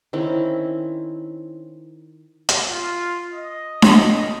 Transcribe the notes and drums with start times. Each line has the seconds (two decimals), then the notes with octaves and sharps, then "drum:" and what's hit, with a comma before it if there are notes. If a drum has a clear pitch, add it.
0.13 D#3 C4 C#4 E4
2.49 drum: hi-hat
2.70 F4
3.34 D#5
3.82 drum: snare D4